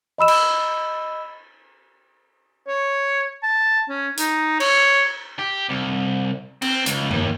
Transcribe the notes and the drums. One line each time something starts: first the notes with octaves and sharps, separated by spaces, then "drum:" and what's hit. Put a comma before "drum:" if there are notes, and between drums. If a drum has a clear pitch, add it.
D#5 B5 E6 E7
drum: cymbal
C#5
A5
C#4
D#4, drum: hi-hat
C#5, drum: cymbal
G4
C2
C4, drum: cymbal
C#2, drum: hi-hat
D#2, drum: tom G2